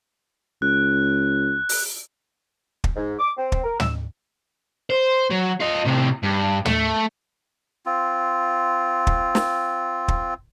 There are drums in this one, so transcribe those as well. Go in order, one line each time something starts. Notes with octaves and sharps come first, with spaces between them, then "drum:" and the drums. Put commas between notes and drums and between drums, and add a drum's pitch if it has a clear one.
C#2 F#6
drum: open hi-hat
drum: kick
G#2
D6
C4
drum: kick
A#4
E6, drum: tom
C5
F#3
F4 D#5
A2 C3
G2
A3, drum: tom
C4 F4
drum: kick
drum: snare
drum: kick